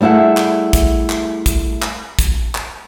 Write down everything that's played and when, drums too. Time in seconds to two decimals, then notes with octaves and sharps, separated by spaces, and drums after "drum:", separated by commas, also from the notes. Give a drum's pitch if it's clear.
0.01 G3 A3 E4 G#4 F#5
0.37 drum: clap
0.73 drum: kick, hi-hat
1.10 drum: clap
1.46 drum: kick, hi-hat
1.82 drum: clap
2.19 drum: kick, hi-hat
2.55 drum: clap